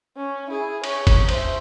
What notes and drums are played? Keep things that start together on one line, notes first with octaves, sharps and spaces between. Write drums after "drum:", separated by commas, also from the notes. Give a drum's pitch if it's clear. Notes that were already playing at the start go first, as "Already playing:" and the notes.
C#4
E4 G#4
C#5, drum: cymbal
drum: kick F#1, cymbal
C5 E5, drum: cymbal